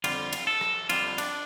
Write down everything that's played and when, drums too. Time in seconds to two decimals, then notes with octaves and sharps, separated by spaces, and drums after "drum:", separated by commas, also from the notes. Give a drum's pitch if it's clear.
0.04 F2 D3 G3 F4, drum: cymbal
0.33 drum: cymbal
0.47 A4
0.61 drum: rim click
0.89 F2 D3 G3 F4, drum: cymbal
1.18 D4, drum: cymbal